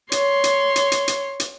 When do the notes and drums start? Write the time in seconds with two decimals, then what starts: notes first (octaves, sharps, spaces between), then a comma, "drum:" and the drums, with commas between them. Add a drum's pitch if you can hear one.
0.12 C#5 C6, drum: hi-hat
0.44 drum: hi-hat
0.76 drum: hi-hat
0.92 drum: hi-hat
1.08 drum: hi-hat
1.40 drum: hi-hat